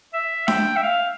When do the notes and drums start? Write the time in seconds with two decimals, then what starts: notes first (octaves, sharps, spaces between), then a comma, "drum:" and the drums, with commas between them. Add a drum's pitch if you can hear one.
0.13 E5
0.48 G5, drum: snare D4
0.76 E5
0.83 F5